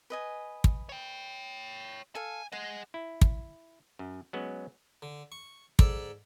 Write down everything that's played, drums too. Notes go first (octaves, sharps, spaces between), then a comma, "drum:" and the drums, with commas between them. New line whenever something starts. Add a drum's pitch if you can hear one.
B4 D#5 G#5
drum: kick
C#5 G5
A4 F5 G#5
G#4 D#5 F#5
E4
drum: kick
F#2
F#3 G#3 B3 C#4
D3
C#6
G#2 A4 D5, drum: kick